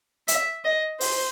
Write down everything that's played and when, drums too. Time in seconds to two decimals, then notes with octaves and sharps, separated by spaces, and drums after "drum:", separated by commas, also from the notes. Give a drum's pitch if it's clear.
0.28 E5, drum: hi-hat
0.65 D#5
1.01 C5, drum: open hi-hat